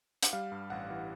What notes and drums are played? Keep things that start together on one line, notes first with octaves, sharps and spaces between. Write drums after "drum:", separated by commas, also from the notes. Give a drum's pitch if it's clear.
F#5, drum: hi-hat
G3 F5
G2
A1 F#5
E3